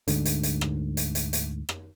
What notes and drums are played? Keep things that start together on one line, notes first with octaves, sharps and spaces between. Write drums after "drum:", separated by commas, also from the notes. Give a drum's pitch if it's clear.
D2 G#2 D3, drum: hi-hat
drum: hi-hat
drum: hi-hat
drum: rim click
drum: hi-hat
drum: hi-hat
drum: hi-hat
drum: rim click